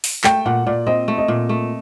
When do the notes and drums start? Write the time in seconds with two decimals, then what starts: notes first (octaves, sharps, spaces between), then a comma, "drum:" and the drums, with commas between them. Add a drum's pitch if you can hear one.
0.04 drum: open hi-hat
0.24 A3 G5, drum: clap
0.46 A#2 F#5
0.66 A#2 D5
0.87 C4 D#5
1.08 A3
1.18 D#5
1.28 A#2
1.49 A3